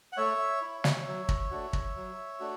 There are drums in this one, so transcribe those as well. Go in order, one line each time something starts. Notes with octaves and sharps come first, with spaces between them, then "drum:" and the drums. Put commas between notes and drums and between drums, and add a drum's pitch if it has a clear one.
F#5
A3 C#5 E5
E4
drum: snare
F#3
drum: kick
A3 D4 F#4
drum: kick
F#3
A3 D4 F#4